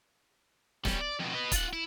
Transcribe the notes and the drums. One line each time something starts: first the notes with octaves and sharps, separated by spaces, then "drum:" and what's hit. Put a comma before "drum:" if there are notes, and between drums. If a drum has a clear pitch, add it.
G3 C#4, drum: snare
D5
F2 B2
B4 D#5
F4 F#5, drum: kick, hi-hat
E4